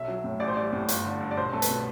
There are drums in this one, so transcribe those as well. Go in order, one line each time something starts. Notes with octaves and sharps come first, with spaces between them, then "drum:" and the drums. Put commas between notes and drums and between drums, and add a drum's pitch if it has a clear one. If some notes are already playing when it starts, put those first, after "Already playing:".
Already playing: B1 E5
F#3
A2
A1 D5
C5
G3 D5
A2
G1, drum: hi-hat
D3
G2
D5
B1 C5
A3 A4
B4, drum: hi-hat
B2